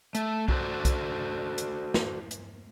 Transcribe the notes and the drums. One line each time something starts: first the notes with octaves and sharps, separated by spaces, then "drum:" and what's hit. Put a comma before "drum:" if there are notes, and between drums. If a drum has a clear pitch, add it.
A3, drum: hi-hat
D4 F#4 A4 A#4 C5 D5, drum: kick B1
drum: kick B1, hi-hat
drum: hi-hat
drum: snare
drum: hi-hat